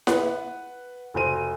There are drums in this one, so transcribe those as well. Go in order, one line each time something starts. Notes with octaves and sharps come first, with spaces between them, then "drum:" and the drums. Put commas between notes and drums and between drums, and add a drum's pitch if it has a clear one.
B4 F#5, drum: snare E4
F1 F#4 C5 D#7